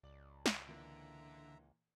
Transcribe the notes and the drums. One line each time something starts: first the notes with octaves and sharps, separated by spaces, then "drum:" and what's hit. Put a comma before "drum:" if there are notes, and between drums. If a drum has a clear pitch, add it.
C#2 D5 F#7
drum: snare
A#2 D3 E3 A#3 E5 A#5